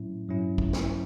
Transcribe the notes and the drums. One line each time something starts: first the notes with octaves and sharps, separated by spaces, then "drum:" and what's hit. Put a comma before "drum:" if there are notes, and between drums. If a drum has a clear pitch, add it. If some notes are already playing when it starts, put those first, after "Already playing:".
Already playing: A2 F#3 C#4 E4
G2 F#3 C#4 E4
drum: kick
drum: snare